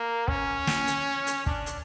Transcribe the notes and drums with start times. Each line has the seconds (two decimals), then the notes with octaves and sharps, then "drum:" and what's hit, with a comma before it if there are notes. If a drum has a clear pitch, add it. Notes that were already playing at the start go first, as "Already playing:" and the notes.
Already playing: A#3
0.28 C#4, drum: kick
0.67 drum: snare
0.87 drum: hi-hat
1.27 drum: hi-hat
1.46 D4, drum: kick
1.66 drum: hi-hat